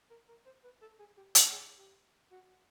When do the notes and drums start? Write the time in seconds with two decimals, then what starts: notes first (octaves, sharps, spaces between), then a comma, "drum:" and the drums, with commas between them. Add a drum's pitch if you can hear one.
0.10 A#4
0.28 A#4
0.46 C5
0.64 B4
0.81 A4
0.99 G#4
1.17 G4
1.35 G#4, drum: hi-hat
1.52 G#4
1.78 G4
2.32 F#4